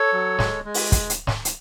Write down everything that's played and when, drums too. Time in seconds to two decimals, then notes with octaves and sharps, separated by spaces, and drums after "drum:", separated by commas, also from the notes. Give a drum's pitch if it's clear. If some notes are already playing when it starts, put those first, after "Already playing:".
Already playing: A4 C#5
0.13 F#3
0.39 G#3, drum: snare
0.65 G#3
0.74 drum: open hi-hat
0.92 drum: kick, hi-hat
1.10 drum: hi-hat
1.27 drum: snare
1.45 drum: hi-hat